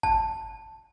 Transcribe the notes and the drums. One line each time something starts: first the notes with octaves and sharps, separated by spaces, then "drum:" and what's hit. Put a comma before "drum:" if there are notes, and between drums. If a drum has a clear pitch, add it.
A5, drum: kick G1